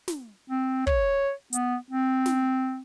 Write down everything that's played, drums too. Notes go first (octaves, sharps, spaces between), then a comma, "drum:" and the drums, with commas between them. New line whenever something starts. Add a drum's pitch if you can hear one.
drum: snare
C4
C#5, drum: kick
B3, drum: hi-hat
C4
drum: snare